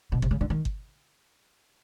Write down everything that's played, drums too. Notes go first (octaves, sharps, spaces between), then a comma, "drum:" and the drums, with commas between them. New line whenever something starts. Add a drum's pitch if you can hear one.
B2
C3, drum: kick G1
C#3
D3
D#3
drum: kick G1